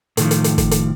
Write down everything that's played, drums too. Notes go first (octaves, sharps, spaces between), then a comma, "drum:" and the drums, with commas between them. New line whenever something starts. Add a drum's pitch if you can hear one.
A2 D#3 F3, drum: hi-hat
drum: hi-hat
drum: hi-hat
drum: kick, hi-hat
drum: hi-hat